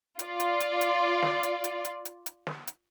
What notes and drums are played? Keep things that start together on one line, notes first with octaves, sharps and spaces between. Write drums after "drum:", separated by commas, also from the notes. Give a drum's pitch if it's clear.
F4 D5, drum: hi-hat
drum: hi-hat
drum: hi-hat
drum: hi-hat
drum: snare
drum: hi-hat
drum: hi-hat
drum: hi-hat
drum: hi-hat
drum: hi-hat
drum: snare
drum: hi-hat